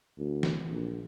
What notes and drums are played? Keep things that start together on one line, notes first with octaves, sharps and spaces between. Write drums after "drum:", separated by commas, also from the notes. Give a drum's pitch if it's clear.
D2
drum: snare
A#1